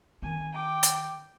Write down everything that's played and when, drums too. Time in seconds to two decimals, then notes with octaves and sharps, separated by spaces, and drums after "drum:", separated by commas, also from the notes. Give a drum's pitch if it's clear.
0.22 D#3 C4 G#5
0.54 G5 D6
0.83 drum: hi-hat